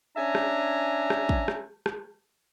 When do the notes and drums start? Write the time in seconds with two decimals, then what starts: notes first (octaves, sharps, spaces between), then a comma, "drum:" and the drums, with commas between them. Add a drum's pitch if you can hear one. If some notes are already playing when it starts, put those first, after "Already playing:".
0.16 C#4 D4 E5 G#5 A#5
0.35 drum: rim click
1.10 drum: rim click
1.29 drum: kick
1.48 drum: rim click
1.86 drum: rim click